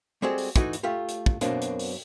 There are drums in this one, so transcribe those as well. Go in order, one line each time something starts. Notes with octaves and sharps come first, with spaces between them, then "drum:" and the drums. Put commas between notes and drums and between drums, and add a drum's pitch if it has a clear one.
G3 G#3 C4 F#4 G#4 A4
drum: open hi-hat
E3 A3 D#4 F#4, drum: kick, hi-hat
drum: hi-hat
A3 F4 G4
drum: hi-hat
drum: kick
F#2 B2 A#3 C4 D4, drum: hi-hat
drum: hi-hat
drum: open hi-hat